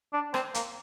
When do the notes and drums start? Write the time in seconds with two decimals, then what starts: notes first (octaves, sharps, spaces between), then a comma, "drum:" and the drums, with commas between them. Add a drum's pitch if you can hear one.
0.13 D4
0.34 C4, drum: rim click
0.54 A#3, drum: hi-hat